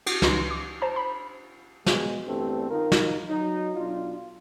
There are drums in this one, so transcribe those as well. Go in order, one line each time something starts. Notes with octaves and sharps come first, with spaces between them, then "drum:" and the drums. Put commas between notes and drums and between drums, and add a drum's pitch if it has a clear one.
F#4, drum: cymbal
C#2 E3 D#4 C6 A#6, drum: snare
D6
C5 A5 A#5
B5
B2 G#3, drum: snare
E2 G2 G3 A3 C4
D#3 D#4 F4 A#4
drum: snare
F#3 D#4
B1 D4 F4